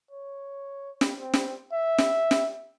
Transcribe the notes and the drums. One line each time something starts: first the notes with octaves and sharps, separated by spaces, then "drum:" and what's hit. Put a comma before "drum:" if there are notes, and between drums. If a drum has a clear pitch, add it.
C#5
drum: snare
C4
drum: snare
E5
drum: snare
drum: snare